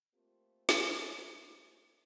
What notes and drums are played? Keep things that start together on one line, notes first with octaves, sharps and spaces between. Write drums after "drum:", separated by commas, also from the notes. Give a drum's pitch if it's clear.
A3 A#3 C4 F4 G4 C5
drum: snare